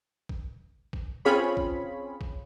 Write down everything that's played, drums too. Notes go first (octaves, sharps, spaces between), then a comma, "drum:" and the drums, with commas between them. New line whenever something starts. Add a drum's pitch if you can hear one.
drum: kick G#1
drum: kick G#1
C4 C#4 F4 G#4 C#5 B5
drum: kick G#1
drum: kick G#1